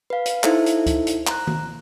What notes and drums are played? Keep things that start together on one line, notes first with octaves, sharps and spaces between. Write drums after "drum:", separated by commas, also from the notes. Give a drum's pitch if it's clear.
B4 F5
drum: hi-hat
D#4 E4 A4 C5 E5, drum: clap
drum: hi-hat
drum: kick C#2, hi-hat
drum: hi-hat
A#5 F#6, drum: clap
drum: tom D#3